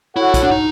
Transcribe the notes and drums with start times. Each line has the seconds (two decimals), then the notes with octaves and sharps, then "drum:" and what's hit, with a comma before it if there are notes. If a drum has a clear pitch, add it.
0.16 E4 F#4 A4 C#5 F#5
0.34 drum: kick, hi-hat
0.44 D4
0.51 D#4